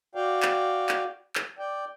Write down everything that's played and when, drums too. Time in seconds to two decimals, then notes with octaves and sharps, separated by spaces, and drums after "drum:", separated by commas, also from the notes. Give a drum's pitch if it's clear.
0.15 F#4 D5 F5 G5
0.42 drum: clap
0.89 drum: clap
1.35 drum: clap
1.59 D5 G5